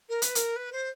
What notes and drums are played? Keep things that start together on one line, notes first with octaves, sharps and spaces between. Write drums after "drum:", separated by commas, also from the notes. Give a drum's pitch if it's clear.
A#4
B4, drum: hi-hat
A#4, drum: hi-hat
B4
C5